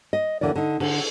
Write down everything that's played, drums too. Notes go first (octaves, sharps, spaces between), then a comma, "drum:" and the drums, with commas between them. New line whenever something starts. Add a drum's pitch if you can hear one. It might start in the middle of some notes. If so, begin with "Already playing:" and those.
D#5
D#2 D3 E3 A#4 D5
D3 D#4
D3, drum: cymbal